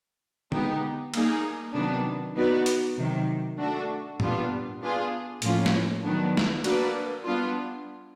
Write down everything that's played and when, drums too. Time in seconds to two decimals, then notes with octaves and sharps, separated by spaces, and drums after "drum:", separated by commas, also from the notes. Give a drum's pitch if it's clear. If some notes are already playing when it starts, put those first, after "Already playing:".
0.52 G#3 B3 D#4 G4, drum: tom D3
1.14 G3 A#3 D#4 G#4, drum: cymbal
1.74 C3 D#3 F#3 B3 D4
2.36 B3 D#4 F#4 B4 D5
2.66 drum: hi-hat
2.97 C3 D#3 F#3
3.58 A3 D4 F#4 A4
4.20 A#2 G3 B3 D4 F4, drum: tom G#2
4.81 B3 D4 F4 G#4
5.42 A2 F3 A#3 C#4 F4, drum: hi-hat
5.66 drum: snare
6.04 D#3 F#3 B3 D4
6.37 drum: snare
6.64 A#3 D4 F#4 B4 D5, drum: cymbal
7.25 G3 B3 D4 F4